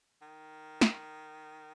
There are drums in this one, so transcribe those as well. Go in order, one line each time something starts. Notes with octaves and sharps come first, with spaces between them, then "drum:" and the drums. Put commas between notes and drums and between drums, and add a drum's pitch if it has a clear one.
D#3
drum: snare